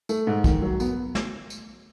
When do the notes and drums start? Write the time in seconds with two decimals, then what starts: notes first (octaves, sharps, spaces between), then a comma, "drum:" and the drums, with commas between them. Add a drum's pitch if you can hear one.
0.09 A3, drum: tambourine
0.27 G#2
0.44 D#3, drum: kick, tambourine
0.62 F#3
0.80 B3, drum: tambourine
1.15 drum: snare
1.50 drum: tambourine